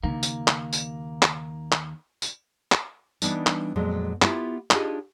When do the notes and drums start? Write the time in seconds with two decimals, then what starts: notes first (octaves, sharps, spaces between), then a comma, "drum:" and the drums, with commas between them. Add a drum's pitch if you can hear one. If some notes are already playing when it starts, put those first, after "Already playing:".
0.04 D#2 C#3 A#3 D#4
0.23 drum: tambourine
0.48 drum: clap
0.73 drum: tambourine
1.22 drum: clap
1.72 drum: clap
2.22 drum: tambourine
2.72 drum: clap
3.22 E3 G3 B3 D4 D#4, drum: tambourine
3.47 drum: clap
3.76 F2 A#2 F#3 G#3
4.22 B3 E4 F4 G4 A#4, drum: clap
4.71 D4 D#4 F4 G4 G#4 D#5, drum: clap